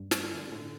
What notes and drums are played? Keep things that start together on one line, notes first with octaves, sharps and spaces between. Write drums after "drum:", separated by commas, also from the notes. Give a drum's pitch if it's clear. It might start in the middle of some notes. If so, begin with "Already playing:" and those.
Already playing: G2
drum: snare
D3
E3
D3
C3
A2 D3